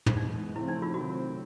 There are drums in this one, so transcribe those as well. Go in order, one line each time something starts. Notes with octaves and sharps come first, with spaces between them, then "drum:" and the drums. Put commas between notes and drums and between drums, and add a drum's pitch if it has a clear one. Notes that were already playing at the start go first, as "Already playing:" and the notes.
drum: tom
A2 E3 G#3 B3 D#4
C#3 F3 A3 C4 E4
D#4
F4
C3 D#3 F#3 A3 C4 F#4